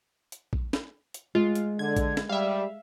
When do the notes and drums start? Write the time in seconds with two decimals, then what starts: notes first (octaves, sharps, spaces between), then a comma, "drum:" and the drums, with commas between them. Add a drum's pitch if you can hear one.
0.32 drum: hi-hat
0.53 drum: kick
0.73 drum: snare
1.14 drum: hi-hat
1.35 G#3 F4
1.55 drum: hi-hat
1.79 D3 G#6
1.97 drum: kick, hi-hat
2.17 drum: snare
2.29 G3 E5 F5